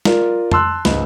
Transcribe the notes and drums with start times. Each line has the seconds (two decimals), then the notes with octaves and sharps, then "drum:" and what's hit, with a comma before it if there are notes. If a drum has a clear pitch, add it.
0.05 F4 A#4 D5, drum: snare
0.51 A5 C6 E6 F#6, drum: tom F2
0.85 C#2 G#2, drum: snare